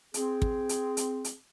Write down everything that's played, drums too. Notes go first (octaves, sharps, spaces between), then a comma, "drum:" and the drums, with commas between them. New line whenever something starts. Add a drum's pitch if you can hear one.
C4 G#4, drum: hi-hat
drum: kick
drum: hi-hat
drum: hi-hat
drum: hi-hat